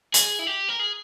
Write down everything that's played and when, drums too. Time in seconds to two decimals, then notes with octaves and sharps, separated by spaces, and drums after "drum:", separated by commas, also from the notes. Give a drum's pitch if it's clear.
0.14 G#4, drum: hi-hat
0.39 E4
0.47 G4
0.69 A#4
0.79 G#4